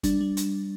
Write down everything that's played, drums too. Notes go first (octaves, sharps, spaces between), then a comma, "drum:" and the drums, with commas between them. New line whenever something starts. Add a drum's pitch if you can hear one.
G3 D4, drum: kick, hi-hat
G3
drum: hi-hat